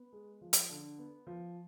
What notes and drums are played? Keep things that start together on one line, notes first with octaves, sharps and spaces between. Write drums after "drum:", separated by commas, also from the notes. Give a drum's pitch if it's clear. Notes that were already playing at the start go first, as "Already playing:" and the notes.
Already playing: B3
G#3
F3
drum: hi-hat
D3
B3
F3